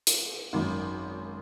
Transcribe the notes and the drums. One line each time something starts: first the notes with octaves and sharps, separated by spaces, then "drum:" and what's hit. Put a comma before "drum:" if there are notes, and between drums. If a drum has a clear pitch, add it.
drum: hi-hat
G#1 F#2 D#3